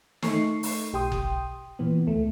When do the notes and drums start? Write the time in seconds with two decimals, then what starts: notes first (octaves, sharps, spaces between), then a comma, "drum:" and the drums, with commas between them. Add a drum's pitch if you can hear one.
0.22 A3 D#4 A4 C#6 C7, drum: snare
0.63 drum: open hi-hat
0.93 B1 G4 G5 C6 D#6
1.12 drum: kick F#1
1.79 A#2 E3 B3
2.07 D2 A3